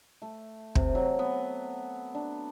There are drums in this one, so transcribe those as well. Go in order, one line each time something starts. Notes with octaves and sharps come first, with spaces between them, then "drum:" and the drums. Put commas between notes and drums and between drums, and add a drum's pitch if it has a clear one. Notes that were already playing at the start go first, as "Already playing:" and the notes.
A3
C3, drum: kick
F#3
B3
D4